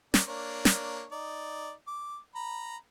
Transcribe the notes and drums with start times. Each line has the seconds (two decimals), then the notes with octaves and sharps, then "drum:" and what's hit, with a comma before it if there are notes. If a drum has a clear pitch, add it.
0.14 A#3 C#4 D5, drum: snare
0.27 A#3 D4 C#5
0.65 drum: snare
1.12 D#4 D5
1.87 D6
2.35 A#5 B5